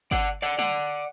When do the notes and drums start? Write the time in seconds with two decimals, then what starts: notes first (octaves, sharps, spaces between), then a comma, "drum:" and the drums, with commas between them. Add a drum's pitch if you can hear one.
0.11 D5 F#5, drum: kick G1
0.42 D5 F#5
0.59 D5 F#5, drum: snare